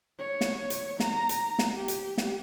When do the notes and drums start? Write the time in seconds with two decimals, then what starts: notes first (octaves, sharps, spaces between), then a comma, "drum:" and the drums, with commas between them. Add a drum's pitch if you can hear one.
0.19 C#5
0.41 drum: snare
0.70 drum: hi-hat
1.00 A#5, drum: snare
1.29 drum: hi-hat
1.59 drum: snare
1.75 G4
1.88 drum: hi-hat
2.18 drum: snare